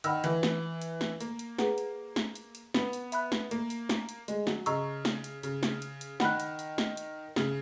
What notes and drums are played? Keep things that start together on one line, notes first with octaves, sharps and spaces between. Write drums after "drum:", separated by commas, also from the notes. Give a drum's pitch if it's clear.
D#3 F#5 B5 E6, drum: hi-hat
E3, drum: hi-hat
drum: snare
drum: hi-hat
drum: snare
A#3, drum: hi-hat
drum: hi-hat
G#4 B4 F#5 A#5, drum: snare
drum: hi-hat
drum: snare
drum: hi-hat
drum: hi-hat
B3, drum: snare
drum: hi-hat
E5 B5 F#6, drum: hi-hat
drum: snare
A#3, drum: hi-hat
drum: hi-hat
drum: snare
drum: hi-hat
G#3, drum: hi-hat
F#3, drum: snare
C#3 D#5 A#5 C#6 E6, drum: hi-hat
drum: snare
drum: hi-hat
C#3, drum: hi-hat
drum: snare
drum: hi-hat
drum: hi-hat
D#3 F#5 B5 F#6, drum: snare
drum: hi-hat
drum: hi-hat
drum: snare
drum: hi-hat
C#3, drum: snare